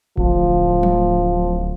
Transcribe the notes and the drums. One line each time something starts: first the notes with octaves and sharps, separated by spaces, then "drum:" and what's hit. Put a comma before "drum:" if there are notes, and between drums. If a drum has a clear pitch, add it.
D1 F3, drum: kick G#1
drum: tom F3